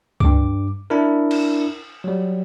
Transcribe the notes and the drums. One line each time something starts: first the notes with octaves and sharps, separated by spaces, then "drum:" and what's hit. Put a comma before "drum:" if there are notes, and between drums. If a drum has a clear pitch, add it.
G2 D6, drum: kick C#2
D4 E4 A#4
drum: cymbal
F#3 G3